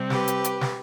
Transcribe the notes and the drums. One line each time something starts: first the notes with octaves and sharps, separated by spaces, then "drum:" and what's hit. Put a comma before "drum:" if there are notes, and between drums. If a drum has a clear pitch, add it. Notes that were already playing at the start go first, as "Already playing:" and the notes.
Already playing: C3 G3 C4
G4 B4, drum: snare
drum: hi-hat
drum: hi-hat
drum: snare